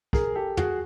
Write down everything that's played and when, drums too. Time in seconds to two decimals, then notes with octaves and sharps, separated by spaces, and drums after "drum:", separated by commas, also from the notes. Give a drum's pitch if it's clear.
0.13 G#4 A#4, drum: kick
0.35 G4 A4
0.57 F#4 G#4, drum: tom